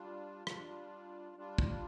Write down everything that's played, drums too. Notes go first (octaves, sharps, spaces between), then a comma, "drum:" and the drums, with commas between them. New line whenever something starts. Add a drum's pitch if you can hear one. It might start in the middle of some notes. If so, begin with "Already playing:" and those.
Already playing: G3 D4 F4
G3 D4 F4, drum: rim click
G3 D4 F4
drum: kick